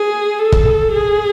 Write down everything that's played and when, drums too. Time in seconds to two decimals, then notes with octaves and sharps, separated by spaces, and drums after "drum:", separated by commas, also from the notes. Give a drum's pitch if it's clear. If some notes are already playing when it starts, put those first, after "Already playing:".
Already playing: G#4
0.39 A4
0.52 drum: kick
0.92 G#4